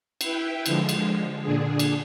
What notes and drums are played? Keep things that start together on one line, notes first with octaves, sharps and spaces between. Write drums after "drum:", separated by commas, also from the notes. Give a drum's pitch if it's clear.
E4 B4 G5, drum: cymbal
D3 F3 G#3, drum: cymbal
drum: cymbal
A#2 D3 D4 G#4
drum: cymbal